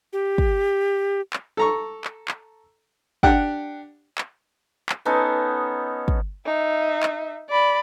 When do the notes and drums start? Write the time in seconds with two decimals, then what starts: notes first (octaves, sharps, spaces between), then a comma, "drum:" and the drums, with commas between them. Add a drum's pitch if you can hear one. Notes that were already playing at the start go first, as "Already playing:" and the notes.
0.13 G4
0.38 drum: kick
1.33 drum: clap
1.57 A4 A#5 C#6
2.04 drum: clap
2.28 drum: clap
3.23 D4 G4 F#5 G5, drum: kick
4.18 drum: clap
4.89 drum: clap
5.05 B3 C#4 D#4 A4
6.08 drum: kick
6.46 D#4 E5
7.03 drum: clap
7.49 D5 B5